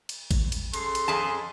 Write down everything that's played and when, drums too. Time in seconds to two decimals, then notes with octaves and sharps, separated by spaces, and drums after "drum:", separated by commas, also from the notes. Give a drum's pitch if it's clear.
0.09 drum: cymbal
0.31 drum: kick A1, cymbal
0.52 drum: cymbal
0.74 C#3 A4 C6, drum: cymbal
0.95 drum: cymbal
1.08 F2 G#4 A5